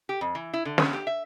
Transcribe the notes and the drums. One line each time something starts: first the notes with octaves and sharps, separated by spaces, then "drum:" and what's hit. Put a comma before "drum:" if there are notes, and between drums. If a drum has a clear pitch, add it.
G4
F2
E3
E4
D3
C#4, drum: snare
G4
E5